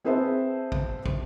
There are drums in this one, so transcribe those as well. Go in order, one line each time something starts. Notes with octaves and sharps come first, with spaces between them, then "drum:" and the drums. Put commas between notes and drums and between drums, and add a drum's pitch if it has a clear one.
C4 G#4 B4 C5 E5 A5
drum: kick
drum: kick